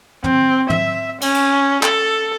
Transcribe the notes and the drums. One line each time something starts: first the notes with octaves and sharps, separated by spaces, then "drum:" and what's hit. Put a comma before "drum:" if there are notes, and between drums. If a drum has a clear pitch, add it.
C4, drum: tom
E5, drum: tom
C#4, drum: cymbal
drum: cymbal
A4, drum: clap